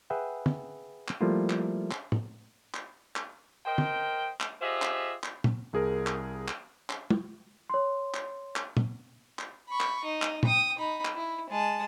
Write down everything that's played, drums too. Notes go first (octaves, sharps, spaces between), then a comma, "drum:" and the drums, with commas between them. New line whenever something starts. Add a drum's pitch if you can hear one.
G#4 B4 E5 F#5 G5
drum: tom
drum: clap
F3 G3 A3 A#3 E4 F4
drum: clap
drum: clap
drum: tom
drum: clap
drum: clap
A#4 C5 D#5 G5
drum: tom
drum: clap
F4 G4 G#4 C5 D#5 E5
drum: clap
drum: clap
drum: tom
C2 G#4 A#4
drum: clap
drum: clap
drum: clap
drum: tom
C#5 C6
drum: clap
drum: clap
drum: tom
drum: clap
B5 C#6
drum: clap
D#4
drum: clap
G5 D#6, drum: tom
D#4 B5
drum: clap
E4
G#3 A5